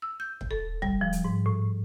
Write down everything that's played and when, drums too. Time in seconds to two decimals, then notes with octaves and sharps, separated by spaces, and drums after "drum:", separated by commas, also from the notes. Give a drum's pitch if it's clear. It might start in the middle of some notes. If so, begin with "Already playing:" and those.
0.02 E6
0.20 G6
0.41 drum: kick
0.51 A4
0.82 G3, drum: kick
1.01 F3
1.13 drum: hi-hat
1.25 G#2
1.46 A2